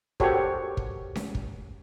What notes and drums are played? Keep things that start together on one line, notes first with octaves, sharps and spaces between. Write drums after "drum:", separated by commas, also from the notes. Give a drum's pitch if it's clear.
F#4 G4 A4 A#4 C5 C#5, drum: kick
drum: kick
drum: snare C#4
drum: kick